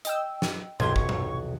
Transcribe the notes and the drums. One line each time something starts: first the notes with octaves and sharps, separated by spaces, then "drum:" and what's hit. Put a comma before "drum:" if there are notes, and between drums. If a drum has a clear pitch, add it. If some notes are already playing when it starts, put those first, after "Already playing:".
D#5 G5 E6, drum: hi-hat
drum: snare
B1 E2 C3 D#3 F3 G4 C6 G#6, drum: tom A2
C#6, drum: kick
drum: tom A2